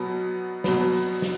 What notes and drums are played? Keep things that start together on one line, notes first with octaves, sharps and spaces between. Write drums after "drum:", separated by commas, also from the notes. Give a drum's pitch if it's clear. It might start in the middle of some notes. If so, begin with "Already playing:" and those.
Already playing: B2 F#3 B3
B2 F#3 B3, drum: snare
drum: open hi-hat
drum: snare